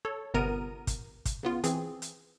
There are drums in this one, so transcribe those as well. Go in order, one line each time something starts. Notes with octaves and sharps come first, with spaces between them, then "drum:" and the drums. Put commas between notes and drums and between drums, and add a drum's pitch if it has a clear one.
A4 C#5
G1 C3 B3 A#4 A#5 D#7
drum: kick, hi-hat
drum: kick, hi-hat
C#3 B3 F4
E3 C4 G#4, drum: hi-hat
drum: hi-hat